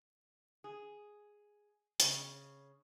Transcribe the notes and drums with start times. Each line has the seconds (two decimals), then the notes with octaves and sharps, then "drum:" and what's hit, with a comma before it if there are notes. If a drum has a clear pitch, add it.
0.64 G#4
2.00 C#3, drum: hi-hat